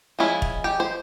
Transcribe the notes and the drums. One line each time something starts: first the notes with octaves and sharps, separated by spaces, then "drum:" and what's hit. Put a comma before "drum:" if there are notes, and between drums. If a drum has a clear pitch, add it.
F3 G#3 C#4 E4
drum: kick E1
G4
C5